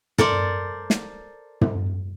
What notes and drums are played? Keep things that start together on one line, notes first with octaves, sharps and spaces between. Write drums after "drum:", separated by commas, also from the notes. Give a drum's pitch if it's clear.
A4 A#4 C5 D5, drum: tom
drum: snare
drum: tom